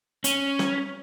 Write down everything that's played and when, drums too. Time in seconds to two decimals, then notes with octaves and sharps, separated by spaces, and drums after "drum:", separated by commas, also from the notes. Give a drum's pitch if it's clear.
0.24 C#4, drum: hi-hat
0.59 drum: snare